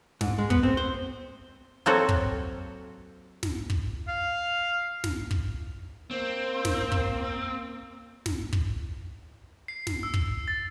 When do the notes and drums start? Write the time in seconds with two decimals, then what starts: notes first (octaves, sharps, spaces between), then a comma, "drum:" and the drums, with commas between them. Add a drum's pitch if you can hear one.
0.21 G#2, drum: snare
0.38 G#3
0.50 B3, drum: kick
0.63 C4
0.77 C5
1.86 F#3 A#3 C4 F#4 A4 C#5
2.09 drum: kick
3.43 drum: snare
3.70 drum: kick
4.08 F5
5.04 drum: snare
5.31 drum: kick
6.11 A#3 C4
6.65 drum: snare
6.92 drum: kick
8.26 drum: snare
8.53 drum: kick
9.68 C7
9.87 drum: snare
10.03 E6
10.14 drum: kick
10.48 A6